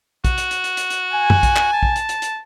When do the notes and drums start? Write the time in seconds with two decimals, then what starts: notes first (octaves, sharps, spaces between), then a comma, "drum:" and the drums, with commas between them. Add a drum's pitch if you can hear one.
0.25 F#4, drum: kick A#1, hi-hat
0.38 drum: hi-hat
0.51 drum: hi-hat
0.64 drum: hi-hat
0.77 drum: hi-hat
0.90 drum: hi-hat
1.12 G#5
1.30 drum: tom
1.43 drum: kick A#1, hi-hat
1.56 drum: clap
1.73 A5
1.83 drum: kick A#1
1.96 drum: hi-hat
2.09 drum: hi-hat
2.22 drum: hi-hat